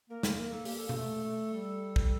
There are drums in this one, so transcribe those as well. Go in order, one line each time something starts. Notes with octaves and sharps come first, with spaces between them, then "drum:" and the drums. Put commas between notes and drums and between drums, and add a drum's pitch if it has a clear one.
A#3 A#4
drum: snare
A#3 A#4
A4
A#3 G4, drum: open hi-hat
A4
A#3, drum: tom B2
A3
A3
G3
G3, drum: kick